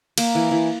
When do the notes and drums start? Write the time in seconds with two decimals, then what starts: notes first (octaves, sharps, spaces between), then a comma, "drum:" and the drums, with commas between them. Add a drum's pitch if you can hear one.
0.18 A#3, drum: cymbal
0.35 E3
0.51 E3